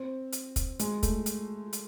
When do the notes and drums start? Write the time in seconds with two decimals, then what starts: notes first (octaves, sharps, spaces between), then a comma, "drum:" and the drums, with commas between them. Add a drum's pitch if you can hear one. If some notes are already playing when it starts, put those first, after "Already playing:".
Already playing: C4
0.33 drum: hi-hat
0.56 drum: kick, hi-hat
0.80 G#3, drum: hi-hat
1.03 A3, drum: kick, hi-hat
1.26 drum: hi-hat
1.73 drum: hi-hat